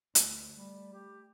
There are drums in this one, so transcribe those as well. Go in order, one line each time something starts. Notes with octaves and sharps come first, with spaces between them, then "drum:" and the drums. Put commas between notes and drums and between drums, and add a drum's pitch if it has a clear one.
D2, drum: hi-hat
G3 A3
G4